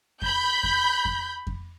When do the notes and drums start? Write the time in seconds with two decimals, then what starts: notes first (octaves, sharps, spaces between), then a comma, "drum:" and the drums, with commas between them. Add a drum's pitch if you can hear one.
0.22 B5 G6, drum: kick F2
0.63 drum: kick F2
1.05 drum: kick F2
1.47 drum: kick F2